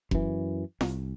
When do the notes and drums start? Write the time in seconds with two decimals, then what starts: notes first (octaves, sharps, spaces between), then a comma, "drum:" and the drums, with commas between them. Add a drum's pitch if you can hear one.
0.11 F#2 E3, drum: kick F1
0.81 C2, drum: snare